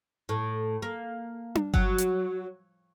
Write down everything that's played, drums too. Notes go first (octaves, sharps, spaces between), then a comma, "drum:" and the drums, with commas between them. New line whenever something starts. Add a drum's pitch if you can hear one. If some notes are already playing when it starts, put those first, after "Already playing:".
A2
A#3
drum: tom D4
F#3, drum: kick G1
drum: hi-hat